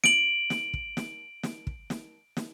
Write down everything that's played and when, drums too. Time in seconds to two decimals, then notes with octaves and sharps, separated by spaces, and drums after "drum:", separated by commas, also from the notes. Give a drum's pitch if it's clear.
0.04 D7 F#7, drum: snare
0.50 drum: snare
0.74 drum: kick
0.97 drum: snare
1.43 drum: snare
1.67 drum: kick
1.90 drum: snare
2.37 drum: snare